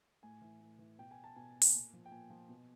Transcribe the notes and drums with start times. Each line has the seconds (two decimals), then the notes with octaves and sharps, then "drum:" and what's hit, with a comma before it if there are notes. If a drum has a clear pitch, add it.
0.23 A2 G#5
0.42 E3
0.61 A2
0.79 E3
0.98 B2 G5
1.11 G#5
1.24 A5
1.36 B2 G#5
1.62 drum: open hi-hat
1.74 A#2
1.93 F3
2.06 G5
2.11 A#2 G#5
2.30 F3
2.49 B2